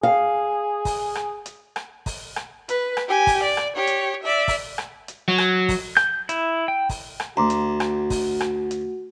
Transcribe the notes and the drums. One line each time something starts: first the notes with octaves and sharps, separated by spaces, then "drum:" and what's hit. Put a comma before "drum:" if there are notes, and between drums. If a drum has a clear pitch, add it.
G#4 F5
drum: kick, open hi-hat
drum: rim click
drum: hi-hat
drum: rim click
drum: kick, open hi-hat
drum: rim click
B4, drum: hi-hat
drum: rim click
G4 G#5
drum: kick, open hi-hat
D5
drum: rim click
G4 C#5
drum: hi-hat
D5 E5
drum: kick, open hi-hat
drum: rim click
drum: hi-hat
F#3
drum: rim click
drum: kick, open hi-hat
G6, drum: rim click
E4, drum: hi-hat
G5
drum: kick, open hi-hat
drum: rim click
D2 F#4 A#5 C6 D6
drum: hi-hat
drum: rim click
drum: kick, open hi-hat
drum: rim click
drum: hi-hat